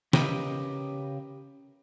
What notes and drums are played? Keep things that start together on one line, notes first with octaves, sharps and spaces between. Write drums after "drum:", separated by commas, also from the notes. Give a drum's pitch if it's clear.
C#3 G4 A#4 B4 D#5, drum: snare